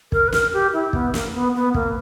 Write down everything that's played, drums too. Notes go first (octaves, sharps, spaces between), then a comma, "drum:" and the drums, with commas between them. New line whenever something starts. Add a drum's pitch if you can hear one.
A#4, drum: kick
B4
A#4, drum: snare
G4
E4
B3, drum: kick
A#3, drum: snare
B3
B3
A#3, drum: kick